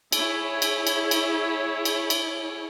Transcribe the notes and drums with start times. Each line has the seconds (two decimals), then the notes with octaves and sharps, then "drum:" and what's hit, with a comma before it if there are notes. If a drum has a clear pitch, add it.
0.12 E4 G#4 C#5, drum: cymbal
0.62 drum: cymbal
0.87 drum: cymbal
1.11 drum: cymbal
1.85 drum: cymbal
2.10 drum: cymbal